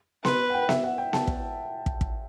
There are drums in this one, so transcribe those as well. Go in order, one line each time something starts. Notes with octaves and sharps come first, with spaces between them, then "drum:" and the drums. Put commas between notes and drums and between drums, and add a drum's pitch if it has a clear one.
B4 C6, drum: snare B3
F#5
G5
E5, drum: snare B3
F#5
G5
A5, drum: snare B3
drum: kick
drum: kick
drum: kick